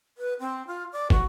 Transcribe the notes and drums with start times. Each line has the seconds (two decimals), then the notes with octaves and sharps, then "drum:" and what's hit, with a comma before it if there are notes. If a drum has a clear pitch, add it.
0.18 B4
0.40 C4
0.67 F4
0.93 D5
1.10 F#4, drum: kick